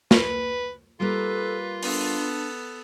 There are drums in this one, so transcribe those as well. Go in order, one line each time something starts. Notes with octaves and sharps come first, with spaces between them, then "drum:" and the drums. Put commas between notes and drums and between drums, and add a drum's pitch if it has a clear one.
B4, drum: snare
G3 A#3 F4 A4 B4
B3 D4 A4, drum: open hi-hat